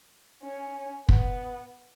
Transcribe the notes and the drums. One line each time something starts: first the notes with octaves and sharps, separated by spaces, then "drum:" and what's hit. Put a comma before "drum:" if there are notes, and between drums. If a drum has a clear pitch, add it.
C#4
B3, drum: kick